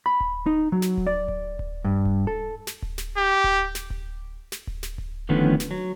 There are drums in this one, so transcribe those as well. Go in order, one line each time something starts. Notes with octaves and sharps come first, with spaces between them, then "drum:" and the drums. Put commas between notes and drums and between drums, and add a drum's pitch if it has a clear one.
B5
drum: kick D1
D#4
F#3
drum: snare
drum: kick D1
D5
drum: kick D1
drum: kick D1
G2
drum: kick D1
A4
drum: snare
drum: kick D1
drum: snare
G4
drum: kick D1
drum: snare
drum: kick D1
drum: snare
drum: kick D1
drum: snare
drum: kick D1
D3 D#3 F3 A3 B3 C#4, drum: kick D1
drum: snare
F#3